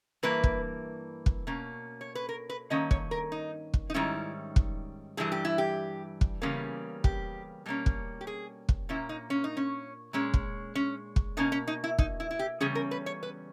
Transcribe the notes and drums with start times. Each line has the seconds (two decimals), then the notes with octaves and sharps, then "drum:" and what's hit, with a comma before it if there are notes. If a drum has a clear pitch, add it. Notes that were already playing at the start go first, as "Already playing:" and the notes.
0.23 G2 E3 A#3 B4
0.44 drum: kick
1.26 drum: kick
1.47 B2 A#3 C#4
2.01 C#5
2.15 B4
2.29 A#4
2.50 B4
2.70 G2 D#3 A#3 C#4 D#5
2.91 C#5, drum: kick
3.11 A#4
3.32 D#4
3.74 drum: kick
3.90 D#4
3.94 G#2 D#3 G3 C#4 E4
4.56 drum: kick
5.17 G2 E3 G3 G#4
5.32 G4
5.45 E4
5.58 G4
6.21 drum: kick
6.42 E2 C#3 G3 A#3 C#4
7.04 G4, drum: kick
7.66 B2 G3 A#3 C#4
7.86 drum: kick
8.21 G4
8.27 G#4
8.69 drum: kick
8.89 A#2 A#3 C#4 E4
9.09 D#4
9.30 C#4
9.44 D#4
9.57 C#4
10.13 A#2 G#3 C#4
10.34 drum: kick
10.75 C#4
11.16 drum: kick
11.37 B2 A#3 C#4 D#4
11.52 C#4
11.68 D#4
11.84 E4
11.99 D#4, drum: kick
12.20 E4
12.31 E4
12.39 G4
12.61 E2 C#3 G3 C#4 G#4
12.75 A#4
12.91 B4
13.06 C#5
13.23 B4